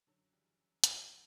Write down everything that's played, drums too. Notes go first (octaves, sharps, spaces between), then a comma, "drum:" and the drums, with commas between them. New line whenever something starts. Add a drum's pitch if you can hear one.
F#2 D3 F#3
C#3 E3 G3
F#2
C#3 E3 G3, drum: hi-hat
D3 F#3